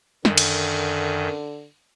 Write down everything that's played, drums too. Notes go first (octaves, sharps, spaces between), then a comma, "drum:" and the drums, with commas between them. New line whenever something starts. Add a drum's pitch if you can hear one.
F#2 D3 D#3, drum: snare
drum: cymbal